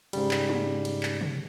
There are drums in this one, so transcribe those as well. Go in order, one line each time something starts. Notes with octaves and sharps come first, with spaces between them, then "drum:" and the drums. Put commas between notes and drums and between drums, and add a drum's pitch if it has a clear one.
G#2 C#3 G3, drum: cymbal
drum: clap
drum: tom
drum: cymbal
drum: clap
drum: tom